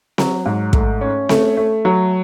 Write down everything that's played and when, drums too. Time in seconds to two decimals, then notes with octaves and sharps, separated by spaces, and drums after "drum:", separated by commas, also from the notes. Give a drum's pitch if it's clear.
0.18 F#3, drum: snare C4
0.46 G#2
0.73 A3, drum: kick
1.01 C#4
1.29 A3, drum: snare C4
1.57 A3
1.85 F#3